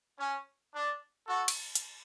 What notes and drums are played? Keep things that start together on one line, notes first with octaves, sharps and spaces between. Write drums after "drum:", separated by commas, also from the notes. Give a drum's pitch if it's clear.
C#4
D4
F#4 A4
drum: cymbal
drum: hi-hat